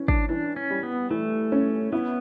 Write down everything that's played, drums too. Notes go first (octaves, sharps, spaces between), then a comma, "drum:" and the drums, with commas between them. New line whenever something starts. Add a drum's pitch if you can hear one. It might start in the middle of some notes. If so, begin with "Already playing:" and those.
Already playing: E3 C#4
D4, drum: kick
E3 D4
C#4
G3
B3
E3 A3
C#4
B3 E4